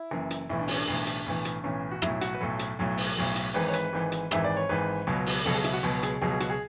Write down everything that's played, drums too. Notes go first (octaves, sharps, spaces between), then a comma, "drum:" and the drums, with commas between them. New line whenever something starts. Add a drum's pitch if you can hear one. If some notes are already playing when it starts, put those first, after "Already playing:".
Already playing: E4
F#1 F#2 E3
drum: hi-hat
B1 A2 E3 E4
D4
C#4, drum: open hi-hat
D4
B1 A2 E3
drum: hi-hat
B1 A2 E3
drum: hi-hat
B1 A2 E3 C#4
F#4
B1 A2 F#3 E4, drum: rim click
F#4, drum: hi-hat
B4
B1 A2 F#3 A4
drum: hi-hat
B1 A2 F#3
drum: open hi-hat
B1 A2 F#3
drum: hi-hat
G#1 G#2 E3 B4
C#5
B4, drum: hi-hat
G#1 G#2 E3
drum: hi-hat
G#1 G#2 E3 E5, drum: rim click
D5
C#5
G#1 G#2 E3 B4
C#2 B2 F#3
drum: open hi-hat
C#2 B2 F#3 A4
G#4
E4, drum: hi-hat
F#4
C#2 B2 F#3
G#4, drum: hi-hat
C#2 B2 F#3 G#4
G#4
F#4, drum: hi-hat
G#4